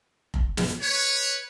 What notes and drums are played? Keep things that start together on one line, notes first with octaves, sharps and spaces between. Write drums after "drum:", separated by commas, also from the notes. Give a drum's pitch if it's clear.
drum: kick F1
drum: snare
B4 C#5